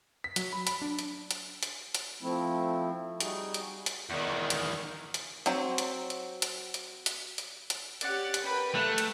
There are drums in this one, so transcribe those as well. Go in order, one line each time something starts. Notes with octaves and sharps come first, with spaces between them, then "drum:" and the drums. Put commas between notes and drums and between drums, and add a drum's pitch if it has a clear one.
B6
F#3, drum: hi-hat
B5
B5, drum: hi-hat
D4
drum: hi-hat
drum: hi-hat
drum: hi-hat
drum: hi-hat
F3 A3 C4 E4
G3 D#4 F#4 G#4, drum: hi-hat
drum: hi-hat
drum: hi-hat
E2 D#3
drum: hi-hat
drum: hi-hat
F#3 C4, drum: hi-hat
drum: hi-hat
drum: hi-hat
drum: hi-hat
drum: hi-hat
drum: hi-hat
drum: hi-hat
drum: hi-hat
C#4 G4 D5 F#5, drum: hi-hat
drum: hi-hat
A#4 B4 G5 B5
A3 F#6
drum: hi-hat